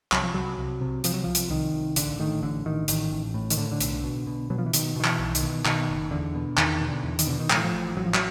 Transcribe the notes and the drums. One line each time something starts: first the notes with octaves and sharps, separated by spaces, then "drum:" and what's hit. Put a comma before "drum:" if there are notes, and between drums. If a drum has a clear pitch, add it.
C2 F#3, drum: clap
F3
C2 F#3
C2
C3
C3 F3, drum: hi-hat
F#3
C2 F3
drum: hi-hat
C2 D#3
C2
A1 D3, drum: hi-hat
A2 D#3
A1 D3
A1 D#3
A1 D#3, drum: hi-hat
A1
A2
D#3, drum: hi-hat
A2 D3
D3
B1, drum: hi-hat
B2
B2
B2 F#3
F3
E3
B2 D#3, drum: hi-hat
B2 D#3
E3, drum: clap
B1
D#3, drum: hi-hat
B2
B2 D#3, drum: clap
F#1
E2 D3
B2
E2 D#3, drum: clap
B2
D3
E2
D#3, drum: hi-hat
B2 D3
D#3
A2 F3, drum: clap
E3
F3
A1
A1 F#3
F3
F#3, drum: clap